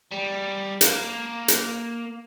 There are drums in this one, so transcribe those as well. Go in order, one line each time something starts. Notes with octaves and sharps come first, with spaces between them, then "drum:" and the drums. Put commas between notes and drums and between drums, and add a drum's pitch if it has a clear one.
G3
A#3, drum: hi-hat
drum: hi-hat